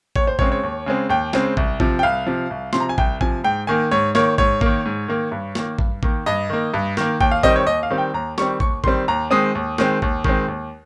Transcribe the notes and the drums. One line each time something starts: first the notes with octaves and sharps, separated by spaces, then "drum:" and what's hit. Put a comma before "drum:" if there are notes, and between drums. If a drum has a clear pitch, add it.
D#2 C#5, drum: kick
C5
C#3 G#3 C4 C#5, drum: kick
C#5
D#2
C#3 G#3 C4
D#2 G5
C#3 G#3 C4, drum: snare
C2, drum: kick
C3 F3, drum: kick
G5
C2 F5
C3 F3
C2
C3 F3 C6, drum: snare
A#5
G#5
C2 G5, drum: kick
C3 F3 G#5, drum: kick
G#2 G5
D#3 A#3 G#5
G#2 C#5
D#3 A#3 C#5, drum: snare
G#2 C#5, drum: kick
D#3 A#3, drum: kick
G#2
D#3 A#3
G2
D#3 A#3, drum: snare
G2, drum: kick
D#3 A#3, drum: kick
G2 D#5
D#3 A#3
G2
D#3 A#3, drum: snare
D#2 G5, drum: kick
F5
D#3 G3 C4 D#5, drum: kick
C#5
D#2 D#5
F5
D#3 G3 C4
G5
D#2 A#5
D#3 G3 C4 C#6, drum: snare
D#2 C#6, drum: kick
D#3 G3 C4 C6, drum: kick
D#2 A#5
D#3 G#3 C4 D#6
D#2
D#3 G#3 C4, drum: snare
D#2, drum: kick
D#3 G#3 C4, drum: kick
D#2